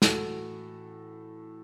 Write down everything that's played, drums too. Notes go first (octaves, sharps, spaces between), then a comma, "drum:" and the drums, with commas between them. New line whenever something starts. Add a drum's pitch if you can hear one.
A2 E3 F#4 A4, drum: snare